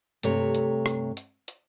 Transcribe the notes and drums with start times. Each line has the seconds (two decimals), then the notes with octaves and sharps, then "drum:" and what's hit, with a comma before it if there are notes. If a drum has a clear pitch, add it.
0.23 G2 C3 A3 C#5 A#5, drum: hi-hat
0.55 drum: hi-hat
0.86 drum: rim click
1.17 drum: hi-hat
1.48 drum: hi-hat